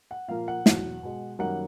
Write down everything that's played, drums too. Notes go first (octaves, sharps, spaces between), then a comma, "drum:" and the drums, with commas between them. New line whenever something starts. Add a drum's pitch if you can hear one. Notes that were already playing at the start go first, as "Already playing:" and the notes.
F#5
A#2 F3 A#3 F5
F#5
E2 B2 F#3, drum: snare
B2 G#3
F#2 D#3 G3 A#3 F#5